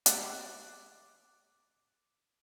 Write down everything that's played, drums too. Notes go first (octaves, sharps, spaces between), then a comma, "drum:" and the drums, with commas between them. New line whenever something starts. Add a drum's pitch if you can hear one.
D6 F#6 A6, drum: hi-hat